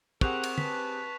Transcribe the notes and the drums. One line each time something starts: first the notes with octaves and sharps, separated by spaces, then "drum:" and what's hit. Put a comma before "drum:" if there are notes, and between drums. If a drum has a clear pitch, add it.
C4 G4 G#4 A#4 F#5 C#6 F#6 F7, drum: kick
drum: cymbal
B4 A5 B6, drum: tom